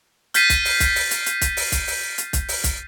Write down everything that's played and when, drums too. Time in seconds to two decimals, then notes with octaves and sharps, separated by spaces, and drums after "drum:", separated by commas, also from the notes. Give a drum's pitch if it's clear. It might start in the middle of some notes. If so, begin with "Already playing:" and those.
0.34 F6 G6 A6 B6 C7 D#7, drum: hi-hat
0.50 drum: kick B1, hi-hat
0.65 drum: open hi-hat
0.80 drum: kick B1, hi-hat
0.96 drum: open hi-hat
1.11 drum: hi-hat
1.26 drum: hi-hat
1.41 drum: kick B1, hi-hat
1.57 drum: open hi-hat
1.72 drum: kick B1, hi-hat
1.87 drum: open hi-hat
2.18 drum: hi-hat
2.33 drum: kick B1, hi-hat
2.48 drum: open hi-hat
2.64 drum: kick B1, hi-hat